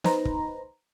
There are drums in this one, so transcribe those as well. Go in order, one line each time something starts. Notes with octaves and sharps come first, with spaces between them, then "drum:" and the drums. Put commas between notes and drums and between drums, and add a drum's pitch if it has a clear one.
D#4 B4 C5 A#5, drum: snare
drum: kick